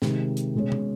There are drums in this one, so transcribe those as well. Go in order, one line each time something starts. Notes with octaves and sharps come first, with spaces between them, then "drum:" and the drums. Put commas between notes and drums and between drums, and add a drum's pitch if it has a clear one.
C3 D#3 G#3, drum: snare
drum: hi-hat
B2 G#3 C#4
drum: tom B2